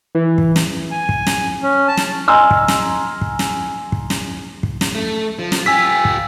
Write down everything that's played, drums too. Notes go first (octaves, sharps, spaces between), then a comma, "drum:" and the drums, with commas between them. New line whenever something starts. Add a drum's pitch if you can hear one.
E3
drum: kick
drum: snare
G#5
drum: kick
drum: snare
C#4
A5
drum: snare
D#5 G#5 A#5 C6 E6 F6
drum: kick
drum: snare
drum: kick
drum: snare
drum: kick
drum: snare
drum: kick
drum: snare
A3
F3
drum: snare
F4 G4 G#5 E6 B6
drum: kick